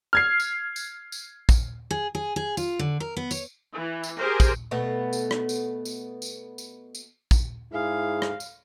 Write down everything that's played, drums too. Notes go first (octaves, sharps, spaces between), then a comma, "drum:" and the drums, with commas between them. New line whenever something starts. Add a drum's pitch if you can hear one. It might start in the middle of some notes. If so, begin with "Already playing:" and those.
F6 G#6 C7
drum: tambourine
drum: tambourine
drum: tambourine
drum: kick, tambourine
G#4
G#4
G#4
F4, drum: tambourine
D3
A#4
B3
C#5, drum: tambourine
E3
drum: tambourine
G4 G#4 A#4 C5
drum: kick, tambourine
B2 A3 B3
drum: tambourine
drum: rim click
drum: tambourine
drum: tambourine
drum: tambourine
drum: tambourine
drum: tambourine
drum: kick, tambourine
G#2 E4 G#4 F5
drum: rim click
drum: tambourine